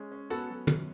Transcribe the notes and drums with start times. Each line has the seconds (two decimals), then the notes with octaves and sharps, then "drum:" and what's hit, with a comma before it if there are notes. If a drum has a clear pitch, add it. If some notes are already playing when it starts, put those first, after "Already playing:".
Already playing: G#3 C#4
0.12 C#4
0.30 B3 F#4 A4
0.50 F#3
0.67 F#2, drum: tom